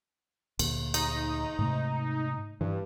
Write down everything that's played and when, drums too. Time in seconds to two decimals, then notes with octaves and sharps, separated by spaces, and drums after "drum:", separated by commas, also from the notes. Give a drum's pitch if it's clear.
0.59 D2 A#2, drum: cymbal
0.94 D#4, drum: cymbal
1.59 G#2 C3 A3
2.61 G2 E3